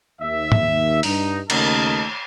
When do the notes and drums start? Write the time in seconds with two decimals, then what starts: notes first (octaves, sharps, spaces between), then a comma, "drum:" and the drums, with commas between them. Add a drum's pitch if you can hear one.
0.21 D#2 E5
0.52 drum: tom
1.03 G2 D#4, drum: open hi-hat
1.50 D#2 C#3 A3 A#4 D#5 A5, drum: cymbal